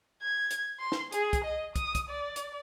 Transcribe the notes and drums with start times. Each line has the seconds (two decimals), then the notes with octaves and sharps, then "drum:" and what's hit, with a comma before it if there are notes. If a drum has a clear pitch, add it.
0.23 G#6
0.51 drum: hi-hat
0.80 C6
0.92 drum: snare
1.12 G#4, drum: hi-hat
1.33 drum: kick, hi-hat
1.44 D#5
1.76 D#6, drum: kick, hi-hat
1.95 drum: kick, hi-hat
2.10 D5
2.36 drum: hi-hat